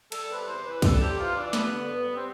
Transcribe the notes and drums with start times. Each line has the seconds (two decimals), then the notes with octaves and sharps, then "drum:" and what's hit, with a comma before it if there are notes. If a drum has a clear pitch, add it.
0.12 G3 A4, drum: cymbal
0.29 C3 B4
0.47 E2 C5
0.65 E3 B4
0.82 G3 A4, drum: kick, cymbal
1.00 C3 G4
1.17 E2 F4
1.35 E3 D4
1.53 G2 B3, drum: snare
1.72 D3
1.89 G2
2.07 G3
2.15 C4